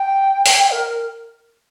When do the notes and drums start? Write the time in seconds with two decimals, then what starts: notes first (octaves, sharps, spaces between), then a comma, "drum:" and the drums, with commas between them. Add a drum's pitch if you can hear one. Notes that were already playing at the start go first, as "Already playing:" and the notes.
Already playing: G5
0.46 drum: open hi-hat
0.71 A#4